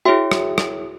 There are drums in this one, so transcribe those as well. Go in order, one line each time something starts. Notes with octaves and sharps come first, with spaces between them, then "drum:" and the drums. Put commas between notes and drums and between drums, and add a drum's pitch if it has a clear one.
E4 F#4 G#4 C#5 E5 G5
drum: rim click
drum: rim click